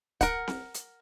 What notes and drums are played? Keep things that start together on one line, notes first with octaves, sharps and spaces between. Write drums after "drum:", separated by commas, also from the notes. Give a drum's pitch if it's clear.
A#4 F#5, drum: kick, hi-hat
drum: snare C4
drum: hi-hat